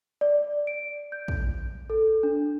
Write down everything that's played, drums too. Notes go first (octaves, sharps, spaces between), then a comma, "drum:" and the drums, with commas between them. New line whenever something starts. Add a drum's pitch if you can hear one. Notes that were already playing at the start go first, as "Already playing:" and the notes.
D5
D7
G6
drum: kick
A4
D4